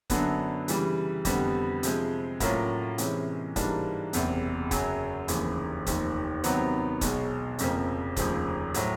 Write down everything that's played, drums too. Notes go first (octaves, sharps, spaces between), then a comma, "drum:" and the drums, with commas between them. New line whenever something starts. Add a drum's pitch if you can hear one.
F#2 D3 F#3 B3 D4, drum: kick, hi-hat
C#3 E3 G3, drum: hi-hat
F2 D3 G3 B3, drum: kick, hi-hat
C3 F3 G#3, drum: hi-hat
A2 F#3 A#3 C#4 F4, drum: kick, hi-hat
C3 E3 G#3 C#4, drum: hi-hat
G#2 E3 G3 A#3 D4, drum: kick, hi-hat
F#1 E2 C3, drum: hi-hat
F#2 C#3 F#3, drum: kick, hi-hat
F1 D#2 C#3 E3, drum: hi-hat
F1 D#2 D#3, drum: kick, hi-hat
C3 D#3 F#3 B3, drum: hi-hat
B1 B2 G#3, drum: kick, hi-hat
F1 F2 C#3 F3 A#3, drum: hi-hat
F1 D#2 C#3 F3, drum: kick, hi-hat
A2 F#3, drum: hi-hat